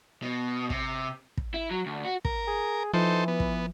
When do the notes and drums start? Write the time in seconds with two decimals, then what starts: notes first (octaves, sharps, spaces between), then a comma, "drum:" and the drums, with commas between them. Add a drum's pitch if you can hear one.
0.23 B2
0.70 C3, drum: kick
1.37 drum: kick
1.54 E4
1.71 F#3
1.86 D2
2.05 F#4
2.25 A#4, drum: kick
2.47 G#4
2.94 E3 F3 D#4 A4 C5
3.28 B3
3.40 drum: kick